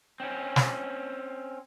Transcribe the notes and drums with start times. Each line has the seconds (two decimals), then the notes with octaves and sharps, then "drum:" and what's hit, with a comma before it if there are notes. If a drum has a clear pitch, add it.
0.20 C4 C#4
0.56 drum: snare